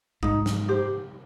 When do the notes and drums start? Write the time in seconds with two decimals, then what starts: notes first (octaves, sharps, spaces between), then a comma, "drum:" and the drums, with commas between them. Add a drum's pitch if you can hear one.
0.23 G#2 D#4, drum: kick
0.46 drum: snare
0.68 G4 C5